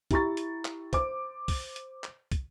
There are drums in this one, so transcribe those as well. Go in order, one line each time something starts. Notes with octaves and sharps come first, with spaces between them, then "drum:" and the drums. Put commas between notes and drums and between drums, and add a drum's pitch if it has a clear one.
E4 G4 A#5 C#6 A6, drum: kick, hi-hat
drum: hi-hat
drum: clap
C5 D6, drum: kick, hi-hat
drum: kick, open hi-hat
drum: hi-hat
drum: clap
drum: kick, hi-hat